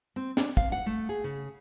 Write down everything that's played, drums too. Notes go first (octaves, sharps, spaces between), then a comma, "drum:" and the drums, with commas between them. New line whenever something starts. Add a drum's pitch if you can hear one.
C4
D4, drum: snare C4
F5, drum: kick
F#5
A3
G#4
C#3